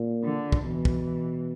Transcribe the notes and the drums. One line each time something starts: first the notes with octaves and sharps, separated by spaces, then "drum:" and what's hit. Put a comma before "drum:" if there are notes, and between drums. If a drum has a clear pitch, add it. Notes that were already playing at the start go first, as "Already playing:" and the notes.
Already playing: A#2
D3
drum: kick
B2 E3
drum: kick